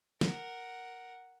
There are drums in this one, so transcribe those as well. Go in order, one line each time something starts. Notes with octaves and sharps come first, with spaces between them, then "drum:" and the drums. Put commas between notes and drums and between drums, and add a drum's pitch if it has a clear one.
A#4 F#5, drum: snare